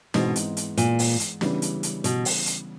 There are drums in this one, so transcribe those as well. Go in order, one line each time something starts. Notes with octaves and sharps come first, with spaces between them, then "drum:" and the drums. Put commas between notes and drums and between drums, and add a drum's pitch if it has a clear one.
G#2 B2 E3 G#3 C4 D#4, drum: snare
drum: hi-hat
drum: hi-hat
A#2, drum: hi-hat
drum: open hi-hat
drum: hi-hat
C#3 E3 G3 B3 D4, drum: snare
drum: hi-hat
drum: hi-hat
B2, drum: hi-hat
drum: open hi-hat
drum: hi-hat